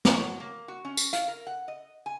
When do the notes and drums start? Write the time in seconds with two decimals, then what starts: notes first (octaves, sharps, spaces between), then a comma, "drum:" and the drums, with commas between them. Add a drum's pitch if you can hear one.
0.05 C#5, drum: snare
0.22 F#3
0.40 A#3
0.68 F#4
0.85 C#4
0.97 drum: tambourine
1.13 F5, drum: hi-hat
1.28 A#4
1.47 F#5
1.68 D#5
2.06 G#5